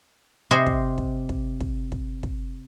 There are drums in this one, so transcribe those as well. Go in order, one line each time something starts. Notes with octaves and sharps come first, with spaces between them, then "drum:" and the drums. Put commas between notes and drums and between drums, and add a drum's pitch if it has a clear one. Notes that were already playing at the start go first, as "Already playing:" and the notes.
C3 C5 D#5 G#5
drum: kick
drum: kick
drum: kick
drum: kick
drum: kick
drum: kick